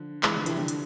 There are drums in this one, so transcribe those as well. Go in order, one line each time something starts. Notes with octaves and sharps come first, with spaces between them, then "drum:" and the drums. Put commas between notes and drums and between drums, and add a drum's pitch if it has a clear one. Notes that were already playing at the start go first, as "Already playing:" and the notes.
Already playing: D3 F3
E3 G#3, drum: clap
D3 F3
C3 E3, drum: hi-hat
D3 F3
drum: hi-hat